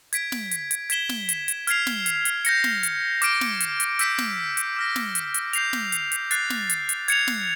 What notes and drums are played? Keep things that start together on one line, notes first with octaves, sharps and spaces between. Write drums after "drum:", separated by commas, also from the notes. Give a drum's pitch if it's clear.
G#6 B6 D7, drum: hi-hat
drum: snare
drum: hi-hat
drum: hi-hat
G#6 B6 E7 G7, drum: hi-hat
drum: snare
drum: hi-hat
drum: hi-hat
F6 G#6 C7 F7, drum: hi-hat
drum: snare
drum: hi-hat
drum: hi-hat
G6 A#6 C#7, drum: hi-hat
drum: snare
drum: hi-hat
D6 F6 A#6 D7, drum: hi-hat
drum: snare
drum: hi-hat
drum: hi-hat
E6 G6 B6 D7, drum: hi-hat
drum: snare
drum: hi-hat
D6 F6 A#6
drum: snare
drum: hi-hat
drum: hi-hat
G6 C7 F7, drum: hi-hat
drum: snare
drum: hi-hat
drum: hi-hat
F#6 A6 C7, drum: hi-hat
drum: snare
drum: hi-hat
drum: hi-hat
G#6 C#7 F7, drum: hi-hat
drum: snare